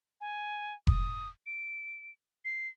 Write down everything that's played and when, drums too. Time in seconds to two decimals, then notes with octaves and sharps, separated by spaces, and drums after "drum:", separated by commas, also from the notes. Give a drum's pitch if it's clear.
0.21 G#5
0.87 D#6, drum: kick F1
1.46 D7
2.45 C7